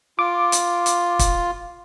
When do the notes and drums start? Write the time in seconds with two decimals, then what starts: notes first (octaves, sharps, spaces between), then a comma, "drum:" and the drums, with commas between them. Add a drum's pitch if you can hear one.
0.19 F4 D6
0.52 drum: hi-hat
0.86 drum: hi-hat
1.19 drum: kick, hi-hat